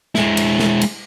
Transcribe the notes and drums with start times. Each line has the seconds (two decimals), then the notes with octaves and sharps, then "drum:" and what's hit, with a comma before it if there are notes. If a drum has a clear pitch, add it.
0.15 G#3 E4, drum: snare
0.37 drum: cymbal
0.59 drum: snare
0.81 drum: cymbal